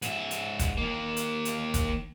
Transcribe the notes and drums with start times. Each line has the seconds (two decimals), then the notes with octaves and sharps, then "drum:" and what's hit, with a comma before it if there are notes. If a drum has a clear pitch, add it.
0.02 G#2 E5, drum: hi-hat
0.31 drum: hi-hat
0.59 drum: kick, hi-hat
0.78 D#3 A#3
1.17 drum: hi-hat
1.45 drum: hi-hat
1.74 drum: kick, hi-hat